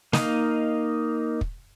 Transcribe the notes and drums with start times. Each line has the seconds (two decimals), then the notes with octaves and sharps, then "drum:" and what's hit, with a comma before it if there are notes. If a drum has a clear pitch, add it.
0.13 A#3 D#4 D#5 F5, drum: snare
1.41 drum: kick